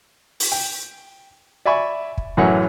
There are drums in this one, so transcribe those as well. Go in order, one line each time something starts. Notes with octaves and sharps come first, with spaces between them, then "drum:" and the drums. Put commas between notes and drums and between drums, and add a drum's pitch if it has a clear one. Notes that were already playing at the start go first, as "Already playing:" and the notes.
drum: open hi-hat
G5
D5 E5 G#5 B5 C#6
drum: kick
A1 F#2 E3 F#3 C#5 F#5